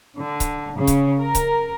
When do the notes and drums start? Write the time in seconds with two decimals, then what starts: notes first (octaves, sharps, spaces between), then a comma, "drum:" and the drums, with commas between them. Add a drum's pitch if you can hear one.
0.17 D3
0.40 drum: kick C#1, hi-hat
0.77 C#3
0.87 drum: kick C#1, hi-hat
1.21 A#4
1.35 drum: kick C#1, hi-hat